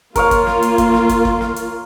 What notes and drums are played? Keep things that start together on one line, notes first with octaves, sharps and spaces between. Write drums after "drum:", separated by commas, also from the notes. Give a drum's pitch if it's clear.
A#3 F4 A#4 C#5 F5, drum: kick, hi-hat
drum: kick, hi-hat
drum: snare
drum: hi-hat
drum: kick, hi-hat
drum: snare
drum: kick, hi-hat
drum: kick
drum: snare
drum: hi-hat